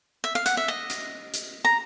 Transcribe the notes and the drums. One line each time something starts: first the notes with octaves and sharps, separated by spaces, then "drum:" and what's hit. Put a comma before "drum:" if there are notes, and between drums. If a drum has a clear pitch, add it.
E5
F5
F#5, drum: hi-hat
E5
D#5
drum: hi-hat
drum: hi-hat
A#5